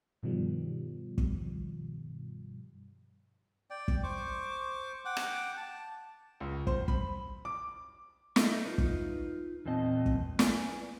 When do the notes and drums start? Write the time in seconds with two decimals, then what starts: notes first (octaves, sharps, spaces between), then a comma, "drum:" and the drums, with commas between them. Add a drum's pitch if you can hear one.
0.23 G2 B2 D#3 F3 G3
1.18 drum: kick
3.70 D5 G5
3.88 drum: kick
4.03 C5 C#6 D6
5.05 F#5 G5 D6
5.17 drum: rim click
5.57 A5
6.40 C#2
6.67 C5, drum: kick
6.88 B5, drum: kick
7.45 D6
8.36 A#3 D#4 E4 A4 D#5 E5, drum: snare
8.66 D#4 F4 B4
8.78 drum: kick
9.65 E2 A#2 C4 D#5 A5
10.06 drum: kick
10.39 B4 D5 G#5, drum: snare